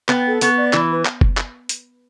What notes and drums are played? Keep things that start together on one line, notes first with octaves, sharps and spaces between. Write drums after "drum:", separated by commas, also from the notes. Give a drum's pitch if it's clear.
B3 G5, drum: clap
A4
B3 C#6, drum: hi-hat
D5
E3 B5, drum: clap
B4
drum: clap
drum: kick F#1
drum: clap
drum: hi-hat